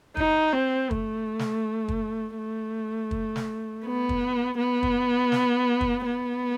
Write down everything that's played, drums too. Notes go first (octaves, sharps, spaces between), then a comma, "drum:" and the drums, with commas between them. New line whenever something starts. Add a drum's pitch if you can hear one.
D#4, drum: kick
C4
A3, drum: kick
drum: snare
drum: kick
A3
drum: kick
drum: snare
B3
drum: kick
B3
drum: kick
drum: snare
drum: kick
B3